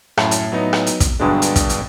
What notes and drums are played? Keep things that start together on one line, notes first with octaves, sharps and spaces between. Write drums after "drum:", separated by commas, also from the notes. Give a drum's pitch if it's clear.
F#2 A2, drum: rim click
drum: hi-hat
F#3 B3 D#4
drum: rim click
drum: hi-hat
drum: kick, hi-hat
G2 B2 D3 F#3 G#3 D4
drum: hi-hat
drum: kick, hi-hat
drum: hi-hat